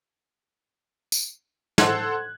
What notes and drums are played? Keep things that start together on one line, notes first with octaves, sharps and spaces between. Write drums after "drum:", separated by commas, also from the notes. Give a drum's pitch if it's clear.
drum: tambourine
A4 C5 F#5 C6 F#6 G#6, drum: snare